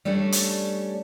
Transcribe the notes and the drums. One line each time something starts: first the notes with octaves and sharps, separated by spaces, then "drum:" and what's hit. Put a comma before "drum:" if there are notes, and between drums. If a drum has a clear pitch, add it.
G3 A3 C#4 D4 A4
drum: hi-hat